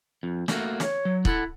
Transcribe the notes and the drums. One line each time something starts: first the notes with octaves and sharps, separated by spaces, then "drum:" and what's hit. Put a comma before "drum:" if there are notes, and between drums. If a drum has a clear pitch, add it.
F2
A3 A#3 F#4, drum: snare
C#5, drum: snare
F#3
E4 A4 F#5, drum: kick